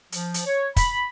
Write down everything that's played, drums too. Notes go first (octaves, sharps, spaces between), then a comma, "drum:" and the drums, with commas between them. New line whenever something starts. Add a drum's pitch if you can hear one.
F3, drum: hi-hat
drum: hi-hat
C#5
B5, drum: kick, hi-hat